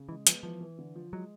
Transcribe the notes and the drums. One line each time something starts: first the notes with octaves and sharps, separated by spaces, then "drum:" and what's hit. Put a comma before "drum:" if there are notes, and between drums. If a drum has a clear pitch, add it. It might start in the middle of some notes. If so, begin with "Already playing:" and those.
Already playing: C#3
E3 G#3
F3 B3, drum: hi-hat
E3 F3
E3
D3
F3
F#3 G#3